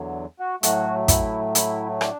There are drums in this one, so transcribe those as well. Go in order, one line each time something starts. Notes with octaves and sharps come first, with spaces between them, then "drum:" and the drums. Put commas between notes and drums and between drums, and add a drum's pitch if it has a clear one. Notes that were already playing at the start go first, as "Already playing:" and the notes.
Already playing: E2 D3 F#3
F#4
A2 F#3 A3 F#4, drum: hi-hat
E4, drum: kick, hi-hat
E4, drum: hi-hat
D4, drum: rim click